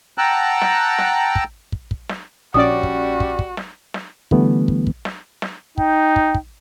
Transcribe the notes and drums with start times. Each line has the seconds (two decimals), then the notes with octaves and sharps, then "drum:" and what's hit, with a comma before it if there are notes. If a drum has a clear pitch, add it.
0.18 F#5 G5 A5 A#5 E6 F#6
0.62 drum: snare
0.98 drum: snare
1.35 drum: kick
1.72 drum: kick
1.91 drum: kick
2.09 drum: snare
2.54 A#1 G3 C#4 F#4 D5 D#6
2.83 drum: kick
3.20 drum: kick
3.39 drum: kick
3.57 drum: snare
3.94 drum: snare
4.31 D3 E3 G3 A3 B3, drum: kick
4.68 drum: kick
4.87 drum: kick
5.05 drum: snare
5.42 drum: snare
5.78 D#4 G5, drum: kick
6.16 drum: kick
6.35 drum: kick